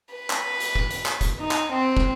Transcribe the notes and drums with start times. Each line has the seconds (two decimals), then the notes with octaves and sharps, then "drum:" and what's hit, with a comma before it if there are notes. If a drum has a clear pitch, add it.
0.15 B4
0.30 drum: clap
0.60 drum: hi-hat
0.75 drum: kick
0.91 drum: hi-hat
1.06 drum: clap
1.21 drum: kick, hi-hat
1.40 D#4
1.51 drum: clap
1.73 C4
1.97 drum: kick